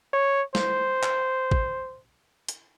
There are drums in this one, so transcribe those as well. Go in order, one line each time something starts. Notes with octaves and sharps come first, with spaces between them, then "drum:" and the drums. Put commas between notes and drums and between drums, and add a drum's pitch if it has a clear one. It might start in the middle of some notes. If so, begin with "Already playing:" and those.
C#5
C5, drum: snare
drum: clap
drum: kick A1
drum: hi-hat